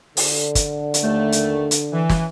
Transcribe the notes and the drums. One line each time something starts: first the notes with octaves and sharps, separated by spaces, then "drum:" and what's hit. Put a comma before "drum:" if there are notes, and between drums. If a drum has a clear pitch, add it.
D3, drum: open hi-hat
drum: kick, hi-hat
drum: hi-hat
D#2 A3
drum: hi-hat
drum: hi-hat
E3
drum: snare